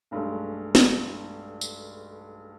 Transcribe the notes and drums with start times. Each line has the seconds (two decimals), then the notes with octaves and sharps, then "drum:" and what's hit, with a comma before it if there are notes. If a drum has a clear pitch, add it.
0.11 B1 G2 G#3 A3
0.75 drum: snare
1.61 drum: tambourine